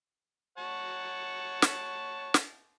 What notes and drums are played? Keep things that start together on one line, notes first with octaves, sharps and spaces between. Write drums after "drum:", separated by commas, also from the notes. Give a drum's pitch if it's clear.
C#5 F#5 A5
drum: snare
drum: snare